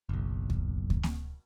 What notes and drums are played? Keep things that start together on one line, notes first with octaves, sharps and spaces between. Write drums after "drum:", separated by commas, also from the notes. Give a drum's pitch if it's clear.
F#1 B1
drum: kick D2
drum: kick D2
drum: snare A#3